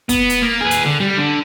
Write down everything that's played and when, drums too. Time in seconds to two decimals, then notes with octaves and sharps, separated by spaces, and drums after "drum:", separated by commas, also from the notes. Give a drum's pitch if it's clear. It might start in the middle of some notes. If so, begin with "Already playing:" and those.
0.09 B3, drum: kick, hi-hat
0.30 drum: hi-hat
0.42 A#3
0.61 G#4 B4
0.71 drum: hi-hat
0.85 D3
1.00 G3
1.17 D3